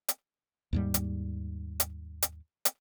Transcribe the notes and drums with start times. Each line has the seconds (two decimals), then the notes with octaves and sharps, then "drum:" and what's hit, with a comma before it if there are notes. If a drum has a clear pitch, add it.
0.08 drum: hi-hat
0.73 D#2 G#2 G3
0.94 drum: hi-hat
1.80 drum: hi-hat
2.22 drum: hi-hat
2.65 drum: hi-hat